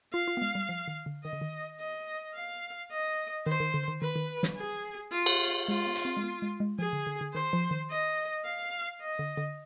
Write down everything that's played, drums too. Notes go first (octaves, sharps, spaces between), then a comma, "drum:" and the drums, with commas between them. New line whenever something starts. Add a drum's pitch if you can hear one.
F4 F5
F4
B3
G#3
G3
F3
D#3
D3
D#3 D#5
D3
D#3
D#5
F5
D#5
D#3 C5
D#3
D3
D#3
D#3 B4
D#3
G3, drum: snare
G#4
F4
drum: cymbal
G#3 F4
B3
drum: hi-hat
C4
G#3
B3
G#3
G#3
F3 G#4
D3
D3
D3
D#3 C5
F3
D#3
D#5
F5
D#5
D3
D3